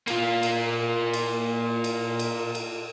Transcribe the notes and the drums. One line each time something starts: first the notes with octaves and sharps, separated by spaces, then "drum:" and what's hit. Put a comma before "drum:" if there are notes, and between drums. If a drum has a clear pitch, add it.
A#3 F4, drum: cymbal
drum: cymbal
drum: cymbal
drum: cymbal
drum: cymbal
drum: cymbal